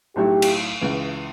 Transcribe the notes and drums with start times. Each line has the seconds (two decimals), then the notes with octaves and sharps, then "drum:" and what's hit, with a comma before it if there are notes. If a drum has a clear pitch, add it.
0.16 B1 A2 F#3 A3 E4 G4
0.42 drum: cymbal
0.81 C#2 C#3 E3